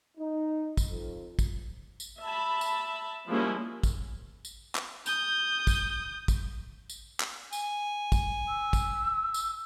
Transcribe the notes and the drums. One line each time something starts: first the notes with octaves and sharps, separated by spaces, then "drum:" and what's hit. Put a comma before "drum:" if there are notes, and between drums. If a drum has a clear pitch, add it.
D#4
drum: kick, tambourine
F2
drum: kick, tambourine
drum: tambourine
E5 A5 B5
drum: tambourine
F3 G3 G#3 A#3 C#4 E4
drum: kick, tambourine
drum: tambourine
drum: clap
D#6 G6, drum: tambourine
drum: kick, tambourine
drum: kick, tambourine
drum: tambourine
drum: clap
G#5, drum: tambourine
drum: kick, tambourine
E6
drum: kick, tambourine
drum: tambourine